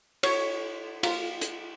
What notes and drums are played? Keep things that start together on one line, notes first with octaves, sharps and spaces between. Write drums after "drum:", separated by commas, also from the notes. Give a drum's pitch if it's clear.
C#5, drum: cymbal
F4, drum: cymbal
drum: hi-hat